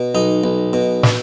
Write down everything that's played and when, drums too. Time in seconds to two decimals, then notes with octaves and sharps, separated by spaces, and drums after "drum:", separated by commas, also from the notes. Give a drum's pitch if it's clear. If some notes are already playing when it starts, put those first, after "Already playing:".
Already playing: B2
0.15 B1 D#4
0.44 B1
0.73 B2
1.03 drum: snare